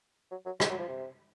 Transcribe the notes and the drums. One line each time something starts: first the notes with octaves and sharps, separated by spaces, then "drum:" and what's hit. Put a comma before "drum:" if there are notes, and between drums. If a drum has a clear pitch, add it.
F#3
F#3
G#3, drum: rim click
F#3
F3
C3